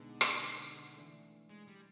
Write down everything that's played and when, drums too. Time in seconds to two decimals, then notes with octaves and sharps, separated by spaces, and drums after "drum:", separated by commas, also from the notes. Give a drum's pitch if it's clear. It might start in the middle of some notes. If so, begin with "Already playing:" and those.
Already playing: B2 D3 G#3 B3 D#4
0.21 drum: rim click
0.97 E3 A3 D4
1.50 G#3
1.68 G3